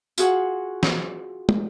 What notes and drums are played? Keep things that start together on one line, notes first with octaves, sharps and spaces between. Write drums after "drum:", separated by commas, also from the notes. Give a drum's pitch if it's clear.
F4 F#4 G#4 F#5, drum: tambourine
drum: snare
drum: tom